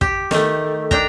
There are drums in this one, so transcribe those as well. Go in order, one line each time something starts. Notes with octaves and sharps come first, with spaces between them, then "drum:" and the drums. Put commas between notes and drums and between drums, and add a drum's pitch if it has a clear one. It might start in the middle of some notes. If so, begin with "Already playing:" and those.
G4, drum: kick
D#3 A3, drum: snare
D4 G5 A#5, drum: kick